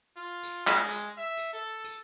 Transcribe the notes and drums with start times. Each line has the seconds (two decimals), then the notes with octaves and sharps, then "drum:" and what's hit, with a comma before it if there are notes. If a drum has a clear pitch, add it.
0.17 F4
0.43 drum: tambourine
0.67 G#3, drum: clap
0.90 drum: tambourine
1.17 E5
1.37 drum: tambourine
1.53 A4
1.85 drum: tambourine